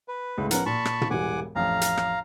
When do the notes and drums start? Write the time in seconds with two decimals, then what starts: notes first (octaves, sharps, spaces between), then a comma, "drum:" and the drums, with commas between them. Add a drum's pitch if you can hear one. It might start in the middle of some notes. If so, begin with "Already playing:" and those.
0.08 B4
0.37 C#2 A2
0.51 F3 B3 C#4 A#4 F#5, drum: hi-hat
0.66 A#2 A5 B5 C#6
0.85 drum: rim click
1.01 drum: tom
1.11 E1 E3 G3 F#5 G#5 D6
1.56 A1 F2 F5 A#5
1.81 drum: hi-hat
1.97 drum: rim click